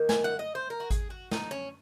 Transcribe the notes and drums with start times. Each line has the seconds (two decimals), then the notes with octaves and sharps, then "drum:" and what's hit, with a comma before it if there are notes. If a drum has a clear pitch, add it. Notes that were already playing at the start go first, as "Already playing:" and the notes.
Already playing: D#3 A#3
0.09 G#5, drum: snare
0.24 F#5
0.39 D#5
0.55 C5
0.70 A#4
0.80 F#4
0.90 G#4, drum: kick G#1, hi-hat
1.10 F#4
1.32 D#4, drum: snare
1.51 C#4